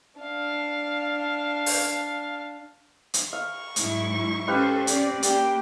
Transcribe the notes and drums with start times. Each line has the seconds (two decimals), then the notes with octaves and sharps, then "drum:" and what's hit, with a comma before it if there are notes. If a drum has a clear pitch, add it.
0.19 D4 F5
1.66 drum: open hi-hat
3.14 drum: hi-hat
3.33 F5 C#6
3.76 G#2 F#3 E4, drum: hi-hat
4.48 C#4 G4 A4 B4 C5 F5
4.87 C4 C#4 D5, drum: hi-hat
5.23 A#3 G4, drum: hi-hat